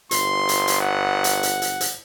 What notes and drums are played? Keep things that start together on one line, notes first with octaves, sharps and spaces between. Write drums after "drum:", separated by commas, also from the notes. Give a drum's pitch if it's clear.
G1 C6, drum: hi-hat
drum: hi-hat
drum: hi-hat
F#5
drum: hi-hat
drum: hi-hat
drum: hi-hat
drum: hi-hat